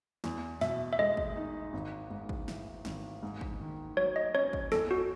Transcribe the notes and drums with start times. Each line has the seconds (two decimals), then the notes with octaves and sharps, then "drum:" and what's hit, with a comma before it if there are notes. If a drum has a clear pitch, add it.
0.24 E2, drum: snare
0.61 B2 E5, drum: snare
0.93 E5
0.99 G#3 D#5
1.17 drum: kick
1.36 D#4
1.73 G#1
2.10 G#2
2.29 drum: kick
2.48 E3, drum: snare
2.85 G#1, drum: snare
3.23 G#2
3.41 drum: kick
3.60 D#3
3.97 F#3 C#5
4.16 D#5
4.34 C#4 C#5
4.53 drum: kick
4.72 E2 A4, drum: snare
4.91 F#4